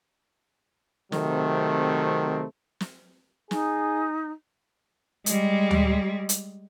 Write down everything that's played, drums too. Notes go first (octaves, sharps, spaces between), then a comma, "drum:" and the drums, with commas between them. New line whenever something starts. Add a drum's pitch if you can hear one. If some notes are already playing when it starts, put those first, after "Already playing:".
C3 D#3 F#3 A3 C4, drum: snare
drum: snare
D#4 G#4, drum: snare
G3 G#3, drum: hi-hat
drum: tom D2
drum: hi-hat